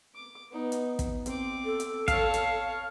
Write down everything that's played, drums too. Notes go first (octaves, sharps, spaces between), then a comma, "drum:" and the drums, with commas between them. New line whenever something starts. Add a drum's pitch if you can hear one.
D6
B3 D#4
drum: hi-hat
drum: kick, hi-hat
C4 D6, drum: hi-hat
A4
drum: hi-hat
C#5 F5 A5, drum: kick, hi-hat
drum: hi-hat